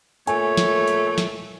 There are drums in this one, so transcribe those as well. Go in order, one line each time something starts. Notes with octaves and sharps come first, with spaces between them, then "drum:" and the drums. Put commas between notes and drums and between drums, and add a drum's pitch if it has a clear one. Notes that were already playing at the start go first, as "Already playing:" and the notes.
A#2 A3 C#5 G#5, drum: hi-hat
drum: snare
drum: hi-hat
drum: snare